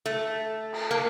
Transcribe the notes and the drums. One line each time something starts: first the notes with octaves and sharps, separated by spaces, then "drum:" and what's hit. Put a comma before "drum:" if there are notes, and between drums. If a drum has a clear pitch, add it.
A3
drum: cymbal
A#3